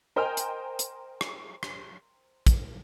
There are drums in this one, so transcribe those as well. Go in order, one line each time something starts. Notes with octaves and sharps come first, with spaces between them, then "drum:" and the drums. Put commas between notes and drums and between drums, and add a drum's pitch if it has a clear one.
A#4 C5 D#5 G5 G#5 F6
drum: hi-hat
drum: hi-hat
drum: rim click
drum: rim click
drum: kick, hi-hat